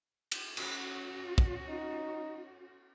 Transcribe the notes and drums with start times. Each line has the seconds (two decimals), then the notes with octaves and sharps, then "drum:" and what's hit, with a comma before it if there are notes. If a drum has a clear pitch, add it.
0.32 drum: cymbal
0.57 C#4 F#4, drum: cymbal
1.38 drum: kick
1.69 D#4